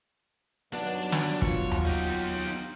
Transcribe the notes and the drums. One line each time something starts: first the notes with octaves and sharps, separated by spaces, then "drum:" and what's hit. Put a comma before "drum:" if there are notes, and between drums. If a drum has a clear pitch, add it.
G2 D#3 F#3 B3 D4 D5
drum: snare
F4 C#5, drum: kick
drum: tom D#2
D#4 G4